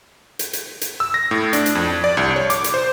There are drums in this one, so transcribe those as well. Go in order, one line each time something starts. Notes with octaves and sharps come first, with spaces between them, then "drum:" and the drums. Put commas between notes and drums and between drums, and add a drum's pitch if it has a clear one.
drum: hi-hat
drum: hi-hat
drum: hi-hat
E6
A#6
A2
D4, drum: hi-hat
drum: hi-hat
F2
D5
C2
C#5
D6, drum: hi-hat
drum: hi-hat
C5